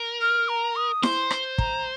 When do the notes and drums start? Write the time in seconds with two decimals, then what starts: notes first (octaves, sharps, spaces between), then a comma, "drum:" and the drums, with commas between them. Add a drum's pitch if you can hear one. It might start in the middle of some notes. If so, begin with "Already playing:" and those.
Already playing: A#4
0.21 F6
0.49 A#5
0.76 D#6
1.03 C5 C6, drum: snare E4
1.31 drum: rim click
1.58 A#5, drum: kick